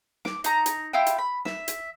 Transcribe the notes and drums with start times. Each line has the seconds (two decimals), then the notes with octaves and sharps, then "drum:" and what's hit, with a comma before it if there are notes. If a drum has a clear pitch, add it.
0.25 D6, drum: snare
0.44 D#4 A#5, drum: hi-hat
0.66 drum: hi-hat
0.93 E4 F4 G4 G5
1.06 drum: hi-hat
1.18 B5
1.45 E5, drum: snare
1.68 drum: hi-hat